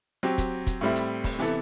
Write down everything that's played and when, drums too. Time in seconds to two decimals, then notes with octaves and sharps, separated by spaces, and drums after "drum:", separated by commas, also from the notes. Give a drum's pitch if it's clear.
0.23 F#3 C4 G4
0.38 drum: kick, hi-hat
0.67 drum: kick, hi-hat
0.81 A2 G3 C4 E4
0.95 drum: hi-hat
1.24 drum: kick, open hi-hat
1.39 C3 E3 B3 E4 A4